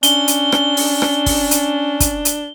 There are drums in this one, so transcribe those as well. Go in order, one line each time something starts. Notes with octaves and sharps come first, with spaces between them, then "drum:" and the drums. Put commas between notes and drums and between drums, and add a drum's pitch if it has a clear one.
C#4 D4 G7, drum: hi-hat
drum: hi-hat
drum: rim click
drum: open hi-hat
drum: rim click
drum: kick, open hi-hat
drum: hi-hat
drum: kick, hi-hat
drum: hi-hat